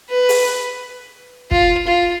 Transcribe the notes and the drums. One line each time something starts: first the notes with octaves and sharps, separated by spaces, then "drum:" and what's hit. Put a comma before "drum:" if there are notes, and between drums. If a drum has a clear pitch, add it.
B4
drum: open hi-hat
F4, drum: kick
F4